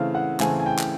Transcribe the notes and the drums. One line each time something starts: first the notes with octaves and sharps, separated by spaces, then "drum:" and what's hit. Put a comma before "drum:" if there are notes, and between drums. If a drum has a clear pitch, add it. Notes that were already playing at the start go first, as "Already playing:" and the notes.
Already playing: C#3 E3 A3 C4 F5
F#5
C#3 E3 A3 C4 G#5, drum: clap
G#5
G5
drum: clap